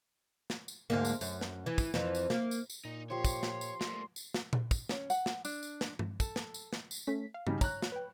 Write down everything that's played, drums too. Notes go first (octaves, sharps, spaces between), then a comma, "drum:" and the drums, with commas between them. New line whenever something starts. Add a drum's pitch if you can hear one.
drum: snare
drum: tambourine
D2 G#2 A#3
drum: tambourine
F#2, drum: tambourine
drum: snare
E3
drum: kick, tambourine
F2 E3, drum: snare
drum: tambourine
A#3, drum: snare
drum: tambourine
drum: tambourine
A#2 D#4
F3 G4 C#5 C6
drum: kick, tambourine
drum: snare
drum: tambourine
A3 A#3 D5, drum: snare
drum: tambourine
drum: snare
drum: tom A#2
drum: kick, tambourine
C#4, drum: snare
F#5, drum: tambourine
drum: snare
D4, drum: tambourine
drum: tambourine
drum: snare
drum: tom G2
A4, drum: kick, tambourine
drum: snare
drum: tambourine
drum: snare
drum: tambourine
A3 C#4 B6
F5
C#3 G3 D#4, drum: tom G2
C#5 A#5 F#6, drum: kick, tambourine
drum: snare
B4 G5